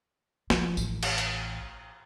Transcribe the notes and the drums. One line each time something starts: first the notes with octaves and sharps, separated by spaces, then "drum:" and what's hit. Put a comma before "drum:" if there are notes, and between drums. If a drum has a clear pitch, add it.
F3, drum: snare
A1, drum: tambourine
drum: cymbal
drum: hi-hat